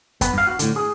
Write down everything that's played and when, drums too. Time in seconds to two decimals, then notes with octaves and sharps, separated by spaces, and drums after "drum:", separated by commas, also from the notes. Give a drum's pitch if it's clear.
0.21 B3, drum: kick F2, hi-hat
0.34 G2 F5
0.47 F#4
0.59 A2 D3, drum: hi-hat
0.76 G#4